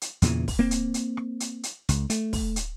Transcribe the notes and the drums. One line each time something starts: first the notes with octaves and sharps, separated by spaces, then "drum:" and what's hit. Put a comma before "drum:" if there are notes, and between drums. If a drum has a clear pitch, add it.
drum: hi-hat
E2 A#2 C#3 E3, drum: hi-hat
drum: kick, open hi-hat
A#3 C4
drum: hi-hat
drum: hi-hat
drum: rim click
drum: hi-hat
drum: hi-hat
C#2, drum: hi-hat
A3, drum: hi-hat
drum: kick, open hi-hat
drum: hi-hat